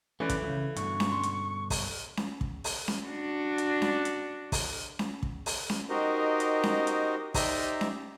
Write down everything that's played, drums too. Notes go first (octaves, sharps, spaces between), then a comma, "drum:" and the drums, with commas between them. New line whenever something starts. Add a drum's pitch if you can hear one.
E3 A3 C#4 B4 D5
drum: kick, hi-hat
C#3 F3
G2 B2 D3 C#6, drum: hi-hat
drum: snare C#4
C6
drum: hi-hat
drum: kick, open hi-hat
drum: snare C#4
drum: kick
drum: open hi-hat
drum: snare C#4
D4 F#4
drum: hi-hat
drum: snare C#4
drum: hi-hat
drum: kick, open hi-hat
drum: snare C#4
drum: kick
drum: open hi-hat
drum: snare C#4
D#4 F#4 G4 A#4 C5 D#5
drum: hi-hat
drum: snare C#4
drum: hi-hat
D#4 G4 C5 D5 E5 A#5, drum: kick, open hi-hat
drum: snare C#4